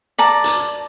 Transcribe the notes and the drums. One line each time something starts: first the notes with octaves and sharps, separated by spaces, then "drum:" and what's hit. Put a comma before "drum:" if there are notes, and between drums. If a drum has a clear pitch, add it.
D5 A5 A#5
drum: hi-hat